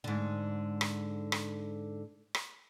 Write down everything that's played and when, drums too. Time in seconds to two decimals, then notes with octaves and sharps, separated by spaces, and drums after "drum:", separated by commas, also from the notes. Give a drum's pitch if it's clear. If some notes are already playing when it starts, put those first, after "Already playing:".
0.04 G#2 D3
0.81 drum: rim click
1.32 drum: rim click
2.35 drum: rim click